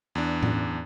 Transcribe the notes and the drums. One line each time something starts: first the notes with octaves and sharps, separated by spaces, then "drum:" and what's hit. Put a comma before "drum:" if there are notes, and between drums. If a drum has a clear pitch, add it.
E2 D4
drum: tom A2